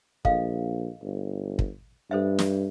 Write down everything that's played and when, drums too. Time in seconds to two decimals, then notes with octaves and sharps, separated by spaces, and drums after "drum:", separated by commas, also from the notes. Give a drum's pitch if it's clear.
0.25 A#1 A4 D#5 F5, drum: kick
1.02 G1
1.59 drum: kick
2.11 G2 A4 C5 E5
2.39 drum: snare